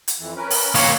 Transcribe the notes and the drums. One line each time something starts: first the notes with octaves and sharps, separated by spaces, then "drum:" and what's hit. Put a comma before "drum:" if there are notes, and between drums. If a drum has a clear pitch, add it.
drum: hi-hat
F2 E3
C#4 A#4 B4
drum: open hi-hat
A#3 C#5, drum: open hi-hat